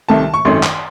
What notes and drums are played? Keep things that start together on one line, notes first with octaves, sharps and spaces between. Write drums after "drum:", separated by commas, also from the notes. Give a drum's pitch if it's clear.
C2 C3 D#3 A3 A5
C#6
G#1 F#2 D#3 A3 C4 C6
drum: clap